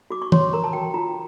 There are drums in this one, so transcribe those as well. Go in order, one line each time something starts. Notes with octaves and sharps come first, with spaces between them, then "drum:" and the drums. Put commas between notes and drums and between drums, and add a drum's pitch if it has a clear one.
F#4 D6
C#6
C#5 C6, drum: tom
A#4 A#5
A5
F#4 G5
F4 A#5